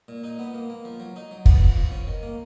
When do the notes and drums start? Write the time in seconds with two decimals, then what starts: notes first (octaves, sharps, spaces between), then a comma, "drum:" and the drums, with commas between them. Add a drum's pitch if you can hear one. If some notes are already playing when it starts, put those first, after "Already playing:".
0.08 A#2
0.24 D#4
0.39 B3
0.54 A#3
0.70 A#3
0.85 F3
1.00 F#3
1.16 D#4
1.31 F#3
1.46 B3, drum: kick
1.61 F3
1.77 F3
1.91 C#4
2.07 D#3
2.23 A#3